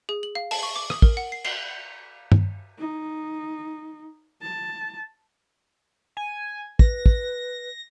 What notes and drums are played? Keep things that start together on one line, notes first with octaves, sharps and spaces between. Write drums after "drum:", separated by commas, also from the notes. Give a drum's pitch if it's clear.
G#4
F#7
F5
A5, drum: open hi-hat
C#6
D6
D#6, drum: rim click
A#4, drum: kick
F#5
C7
C7, drum: cymbal
drum: tom G2
D#4
A5
G#5
B4 A#6, drum: kick
drum: kick